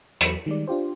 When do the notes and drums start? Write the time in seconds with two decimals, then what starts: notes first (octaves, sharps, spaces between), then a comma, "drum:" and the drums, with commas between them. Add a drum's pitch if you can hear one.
0.21 E2 F#3 B5, drum: hi-hat
0.46 D#3 G3 G#3 D5
0.67 D4 F4 G4 C5